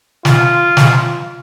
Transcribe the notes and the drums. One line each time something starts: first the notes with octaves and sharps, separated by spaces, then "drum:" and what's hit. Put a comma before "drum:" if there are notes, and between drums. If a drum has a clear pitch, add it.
F4, drum: snare
drum: snare